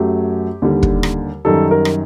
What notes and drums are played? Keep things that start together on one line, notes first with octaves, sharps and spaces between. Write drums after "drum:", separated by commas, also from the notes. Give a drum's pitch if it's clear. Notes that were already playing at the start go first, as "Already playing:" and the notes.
Already playing: F#2 F#3 A3 G4
D#2 D3 G3
drum: kick
drum: rim click
F#2 D#3 G3 A4
A#4
drum: rim click